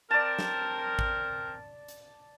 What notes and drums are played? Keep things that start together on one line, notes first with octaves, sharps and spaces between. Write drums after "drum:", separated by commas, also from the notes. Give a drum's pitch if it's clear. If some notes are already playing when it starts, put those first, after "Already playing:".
C4 A#4 D5 A5
drum: snare
drum: kick G#1
drum: hi-hat